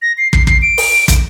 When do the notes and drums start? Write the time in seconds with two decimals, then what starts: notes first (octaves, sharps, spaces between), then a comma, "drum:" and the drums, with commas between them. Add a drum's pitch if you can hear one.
0.02 A#6
0.18 C7
0.33 C7, drum: kick
0.47 C7, drum: kick
0.62 D7
0.78 drum: open hi-hat
1.08 drum: kick, hi-hat